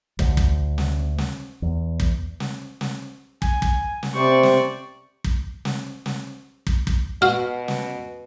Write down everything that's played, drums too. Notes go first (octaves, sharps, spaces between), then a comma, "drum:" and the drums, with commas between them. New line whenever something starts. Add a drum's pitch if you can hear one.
D2, drum: kick
drum: kick
drum: snare
drum: snare
E2
drum: kick
drum: snare
drum: snare
G#5, drum: kick
drum: kick
drum: snare
C3 C5 D5 C#6
drum: snare
drum: kick
drum: snare
drum: snare
drum: kick
drum: kick
B2 F#4 F5 F6
drum: snare